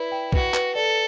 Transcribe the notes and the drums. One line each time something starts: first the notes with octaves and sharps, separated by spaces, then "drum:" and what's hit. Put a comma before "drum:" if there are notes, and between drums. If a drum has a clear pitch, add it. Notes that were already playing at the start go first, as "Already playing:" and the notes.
Already playing: E4 B4 D5
G5
F#4 B4, drum: kick B1
B4, drum: clap
A4 D5